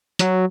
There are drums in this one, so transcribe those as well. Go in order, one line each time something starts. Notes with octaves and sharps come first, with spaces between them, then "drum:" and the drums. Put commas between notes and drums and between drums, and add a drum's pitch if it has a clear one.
F#3, drum: hi-hat